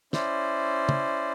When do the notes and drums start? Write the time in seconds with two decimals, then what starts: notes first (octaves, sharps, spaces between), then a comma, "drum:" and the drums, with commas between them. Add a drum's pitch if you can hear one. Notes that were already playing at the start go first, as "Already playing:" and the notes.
0.13 C#4 E4 C5 D5, drum: snare
0.89 drum: tom